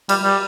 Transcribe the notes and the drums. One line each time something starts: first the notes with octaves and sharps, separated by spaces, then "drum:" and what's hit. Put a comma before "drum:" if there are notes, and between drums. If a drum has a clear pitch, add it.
G3, drum: cymbal
G3